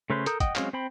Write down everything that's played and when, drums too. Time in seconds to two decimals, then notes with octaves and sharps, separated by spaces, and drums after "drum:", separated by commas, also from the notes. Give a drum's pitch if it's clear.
0.10 C#3 A3 C#4 B4 C5
0.26 A4 A#4 A#5 D#6 G6, drum: hi-hat
0.40 D#5 F#5 G5 D#6, drum: kick, hi-hat
0.55 F#3 G#3 C4 C#4 F5, drum: clap
0.73 C4 C5 G5 B5